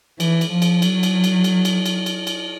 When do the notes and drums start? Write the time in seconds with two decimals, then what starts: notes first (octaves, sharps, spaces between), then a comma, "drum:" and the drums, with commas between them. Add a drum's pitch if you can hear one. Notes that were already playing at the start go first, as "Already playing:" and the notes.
0.20 E3, drum: cymbal
0.41 drum: cymbal
0.51 F3
0.62 drum: cymbal
0.82 F#3, drum: cymbal
1.03 drum: cymbal
1.24 drum: cymbal
1.44 drum: cymbal
1.65 drum: cymbal
1.86 drum: cymbal
2.06 drum: cymbal
2.27 drum: cymbal